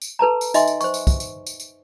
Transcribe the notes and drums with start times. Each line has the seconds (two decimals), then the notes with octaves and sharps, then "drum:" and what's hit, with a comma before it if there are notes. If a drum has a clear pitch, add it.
0.02 drum: tambourine
0.19 A4 B4 A5 A#5
0.41 drum: tambourine
0.54 D#4 D#5 E5 G#5 C6, drum: tambourine
0.67 drum: tambourine
0.81 C5 C#6, drum: tambourine
0.94 drum: tambourine
1.07 drum: kick, tambourine
1.20 drum: tambourine
1.46 drum: tambourine
1.60 drum: tambourine